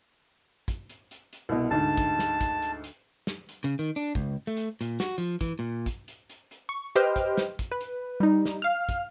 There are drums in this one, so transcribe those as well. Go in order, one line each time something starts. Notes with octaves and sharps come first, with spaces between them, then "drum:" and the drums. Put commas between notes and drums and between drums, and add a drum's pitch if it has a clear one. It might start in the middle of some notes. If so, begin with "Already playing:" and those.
drum: kick, hi-hat
drum: hi-hat
drum: hi-hat
drum: hi-hat
C2 B2
D2 G#2 A5
drum: kick, hi-hat
drum: snare
drum: kick, hi-hat
drum: hi-hat
drum: hi-hat
drum: snare
drum: hi-hat
C#3
D#3
D4
C#2, drum: kick
A3
drum: hi-hat
A#2, drum: hi-hat
F#4, drum: snare
F3
E3, drum: kick, hi-hat
A#2
drum: kick, hi-hat
drum: hi-hat
drum: hi-hat
drum: hi-hat
C#6
G4 B4 C5 D#5 G5 F6, drum: hi-hat
drum: kick, hi-hat
drum: snare
drum: kick, hi-hat
B4
drum: hi-hat
G3 D#4
drum: snare
F5 F6
drum: kick, hi-hat